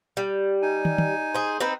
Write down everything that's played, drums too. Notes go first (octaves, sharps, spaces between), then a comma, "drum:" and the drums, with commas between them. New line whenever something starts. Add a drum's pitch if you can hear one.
G3
D#4 G#5
drum: tom
drum: tom
G#4 C5
C4 D#4 B4